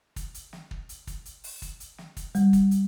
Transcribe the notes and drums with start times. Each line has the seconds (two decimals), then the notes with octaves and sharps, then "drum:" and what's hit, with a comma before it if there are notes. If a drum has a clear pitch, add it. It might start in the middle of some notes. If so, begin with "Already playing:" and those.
0.16 drum: kick, hi-hat
0.34 drum: hi-hat
0.53 drum: snare
0.71 drum: kick
0.89 drum: hi-hat
1.07 drum: kick, hi-hat
1.26 drum: hi-hat
1.44 drum: open hi-hat
1.62 drum: kick, hi-hat
1.80 drum: hi-hat
1.98 drum: snare
2.17 drum: kick, hi-hat
2.35 G3, drum: hi-hat
2.53 drum: kick, hi-hat
2.71 drum: hi-hat